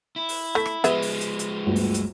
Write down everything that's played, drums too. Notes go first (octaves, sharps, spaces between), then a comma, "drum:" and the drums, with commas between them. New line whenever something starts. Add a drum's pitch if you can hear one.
E4
drum: open hi-hat
A3 B6
drum: rim click
F3 G#3 B3 G#4 B4 E5 B5, drum: hi-hat
drum: open hi-hat
drum: hi-hat
drum: hi-hat
G1 D2
drum: open hi-hat
drum: hi-hat